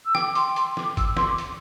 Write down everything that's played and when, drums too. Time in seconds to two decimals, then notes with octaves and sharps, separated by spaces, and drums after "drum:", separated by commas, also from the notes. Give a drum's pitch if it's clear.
0.05 E6
0.15 G5 D6, drum: snare
0.26 D6
0.35 C6, drum: hi-hat
0.56 C6, drum: hi-hat
0.77 D6, drum: snare
0.97 E6, drum: kick, hi-hat
1.17 C6, drum: snare
1.25 D6
1.38 drum: hi-hat